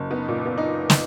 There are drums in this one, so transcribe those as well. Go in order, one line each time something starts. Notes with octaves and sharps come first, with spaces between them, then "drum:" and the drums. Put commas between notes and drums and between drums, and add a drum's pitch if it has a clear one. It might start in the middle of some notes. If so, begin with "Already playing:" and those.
Already playing: F#1
B3 D#4
A#2
B3
D#4
drum: snare